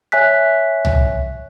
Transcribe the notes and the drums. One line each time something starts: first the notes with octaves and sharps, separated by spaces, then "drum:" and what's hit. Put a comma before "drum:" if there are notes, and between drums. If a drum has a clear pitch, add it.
C#5 E5 G#5 F#6 B6
drum: tom C2